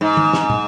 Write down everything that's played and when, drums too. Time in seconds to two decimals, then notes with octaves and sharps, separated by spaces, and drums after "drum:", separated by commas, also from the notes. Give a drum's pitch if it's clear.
0.01 G#2
0.17 drum: tom
0.33 drum: snare
0.50 drum: tom